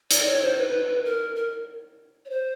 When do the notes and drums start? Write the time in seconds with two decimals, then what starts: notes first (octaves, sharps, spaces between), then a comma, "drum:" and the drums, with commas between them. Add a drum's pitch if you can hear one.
0.11 D5, drum: hi-hat
0.26 C#5
0.42 C5
0.58 B4
1.05 A#4
1.36 A#4
2.25 C#5
2.30 C5